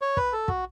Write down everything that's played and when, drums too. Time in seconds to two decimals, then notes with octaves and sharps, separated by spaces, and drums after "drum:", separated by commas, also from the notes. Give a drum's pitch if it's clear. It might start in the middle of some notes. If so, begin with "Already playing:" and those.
0.02 C#5
0.17 B4, drum: kick
0.33 A4
0.48 F#4, drum: kick